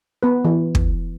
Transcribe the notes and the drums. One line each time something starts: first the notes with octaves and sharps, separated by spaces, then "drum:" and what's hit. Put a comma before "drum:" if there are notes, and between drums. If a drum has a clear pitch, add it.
B3 B4
E3
drum: kick